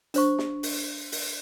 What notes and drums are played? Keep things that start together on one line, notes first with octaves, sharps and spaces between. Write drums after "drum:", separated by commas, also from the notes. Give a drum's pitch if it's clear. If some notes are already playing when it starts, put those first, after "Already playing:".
D4 C5 C#6, drum: hi-hat
drum: snare
drum: open hi-hat
drum: open hi-hat